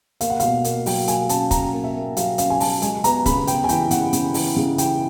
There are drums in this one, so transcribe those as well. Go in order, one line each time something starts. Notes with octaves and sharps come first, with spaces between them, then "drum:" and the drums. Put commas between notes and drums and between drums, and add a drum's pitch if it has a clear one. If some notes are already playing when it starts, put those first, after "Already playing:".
A#3 F5, drum: hi-hat
F#5
B2 F5, drum: hi-hat
A#3, drum: hi-hat
F#3 G5, drum: open hi-hat
A#3 G#5, drum: hi-hat
C#4 A5, drum: hi-hat
C#4 A#5, drum: kick, hi-hat
A#3
E5
A#3
F#3 F5, drum: hi-hat
C#4 F5, drum: hi-hat
G#5
F#3 A5, drum: open hi-hat
G#3 G#5, drum: hi-hat
B3 A#5, drum: hi-hat
C#3 B5, drum: kick, hi-hat
B3 G5, drum: hi-hat
G#5
E3 G5, drum: hi-hat
C#3 F#5, drum: hi-hat
C#3, drum: hi-hat
E3, drum: open hi-hat
C#3
E3 G5, drum: hi-hat